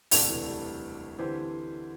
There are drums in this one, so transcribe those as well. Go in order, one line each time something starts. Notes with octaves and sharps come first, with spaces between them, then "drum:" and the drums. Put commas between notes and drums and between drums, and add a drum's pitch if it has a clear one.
E1 D2 C3 E3 A3 D4, drum: open hi-hat
E3
G3
D3 E3 C4 G4 C5